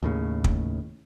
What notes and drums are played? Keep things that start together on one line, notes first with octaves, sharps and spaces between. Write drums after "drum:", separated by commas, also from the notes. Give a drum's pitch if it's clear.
D#2 A2 C#3
drum: kick